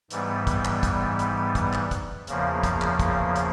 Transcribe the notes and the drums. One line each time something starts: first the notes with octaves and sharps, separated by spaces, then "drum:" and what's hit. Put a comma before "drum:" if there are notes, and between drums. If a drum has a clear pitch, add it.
G#2 E3 G3 B3, drum: hi-hat
drum: kick, hi-hat
drum: clap
drum: kick, hi-hat
drum: hi-hat
drum: kick, hi-hat
drum: clap
drum: kick, hi-hat
E2 C#3 F3 A#3, drum: hi-hat
drum: kick, hi-hat
drum: clap
drum: kick, hi-hat
drum: hi-hat